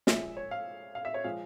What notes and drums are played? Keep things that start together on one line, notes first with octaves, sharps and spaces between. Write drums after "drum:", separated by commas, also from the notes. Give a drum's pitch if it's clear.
A#2 F3 G#3 E5, drum: snare
C#5
F5
F5
E5
C#5
A#2 F3 G#3 F5